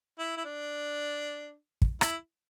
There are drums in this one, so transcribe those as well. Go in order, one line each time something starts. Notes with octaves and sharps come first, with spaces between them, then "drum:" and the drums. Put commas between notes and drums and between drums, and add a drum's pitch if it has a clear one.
E4
E4
D4
drum: kick
E4, drum: rim click